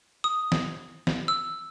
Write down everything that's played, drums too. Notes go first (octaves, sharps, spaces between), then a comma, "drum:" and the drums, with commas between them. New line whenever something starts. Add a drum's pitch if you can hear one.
D#6
drum: snare E3
drum: snare E3
E6